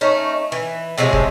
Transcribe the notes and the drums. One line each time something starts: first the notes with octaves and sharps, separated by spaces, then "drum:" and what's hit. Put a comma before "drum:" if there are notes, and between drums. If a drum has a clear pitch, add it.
A3 C#4 D#4
E3
A2 C3 F3 G#3
drum: kick